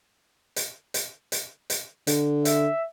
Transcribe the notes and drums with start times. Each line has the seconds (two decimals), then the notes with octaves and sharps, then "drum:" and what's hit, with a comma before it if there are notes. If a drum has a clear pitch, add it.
0.56 drum: hi-hat
0.94 drum: hi-hat
1.32 drum: hi-hat
1.70 drum: hi-hat
2.07 D3, drum: hi-hat
2.45 E5, drum: hi-hat